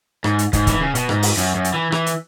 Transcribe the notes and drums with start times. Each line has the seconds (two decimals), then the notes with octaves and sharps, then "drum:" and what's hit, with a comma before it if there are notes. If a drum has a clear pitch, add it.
0.24 G#2, drum: rim click
0.39 drum: hi-hat
0.53 G#2, drum: kick, hi-hat
0.67 E3, drum: kick, hi-hat
0.81 C#3
0.95 B2, drum: hi-hat
1.09 G#2, drum: rim click
1.23 drum: open hi-hat
1.37 F#2, drum: hi-hat
1.55 F#2
1.64 drum: hi-hat
1.74 E3
1.92 E3, drum: rim click
2.06 drum: hi-hat